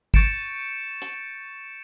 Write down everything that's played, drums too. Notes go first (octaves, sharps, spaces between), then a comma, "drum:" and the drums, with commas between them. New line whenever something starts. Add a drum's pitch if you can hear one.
C#6 G6 A6 C#7 D7 E7, drum: kick
drum: hi-hat